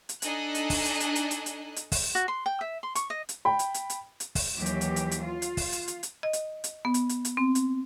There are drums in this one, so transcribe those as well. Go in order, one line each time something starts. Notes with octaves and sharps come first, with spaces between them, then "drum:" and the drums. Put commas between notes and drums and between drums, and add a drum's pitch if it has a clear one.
drum: hi-hat
D4 D#4 A4 D#5 G#5 F#6, drum: hi-hat
drum: hi-hat
drum: kick, open hi-hat
drum: hi-hat
drum: hi-hat
drum: hi-hat
drum: hi-hat
drum: hi-hat
drum: hi-hat
drum: kick, open hi-hat
F#4
C6
G5
E5
C6
C#6, drum: hi-hat
D#5
drum: hi-hat
G5 B5
drum: hi-hat
drum: hi-hat
drum: hi-hat
drum: hi-hat
drum: kick, open hi-hat
D#2 E3 F#3 G4
drum: hi-hat
drum: hi-hat
drum: hi-hat
drum: hi-hat
F4
drum: hi-hat
drum: kick, open hi-hat
drum: hi-hat
drum: hi-hat
drum: hi-hat
D#5
drum: hi-hat
drum: hi-hat
B3
drum: hi-hat
drum: hi-hat
drum: hi-hat
C4
drum: hi-hat